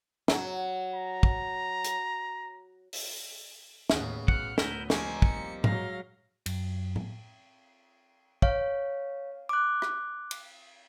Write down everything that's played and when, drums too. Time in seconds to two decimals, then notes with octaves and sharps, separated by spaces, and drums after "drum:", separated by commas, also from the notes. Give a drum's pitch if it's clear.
0.28 F#3, drum: snare
0.94 A#5
1.23 drum: kick
1.84 drum: hi-hat
2.93 drum: open hi-hat
3.90 D#2 A2 C#3 B3, drum: snare
4.28 B1 F#5 F6 F#6, drum: kick
4.58 D2 B3 E4 A#4 G6, drum: snare
4.90 F3 G3 A#3 C4 D#4 G4 G#5 C#6, drum: snare
5.22 C#7, drum: kick
5.64 F#3 G#3 F5 A#6, drum: tom G#2
6.46 F#2, drum: cymbal
6.96 drum: tom A2
8.42 C#5 F5, drum: kick
9.49 D6 F#6
9.82 drum: rim click
10.31 drum: cymbal